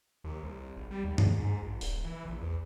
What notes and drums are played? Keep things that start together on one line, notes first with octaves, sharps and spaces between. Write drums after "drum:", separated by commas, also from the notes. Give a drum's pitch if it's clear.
D#2
C2
G#1
G3
D#2
drum: tom G2
G#2
A#1
D#1, drum: open hi-hat
E3
A#1
E2